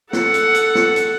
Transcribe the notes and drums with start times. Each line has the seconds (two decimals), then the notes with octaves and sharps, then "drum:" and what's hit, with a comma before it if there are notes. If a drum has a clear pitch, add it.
0.13 A4 F#5, drum: snare
0.34 drum: hi-hat
0.55 drum: hi-hat
0.75 drum: snare
0.96 drum: hi-hat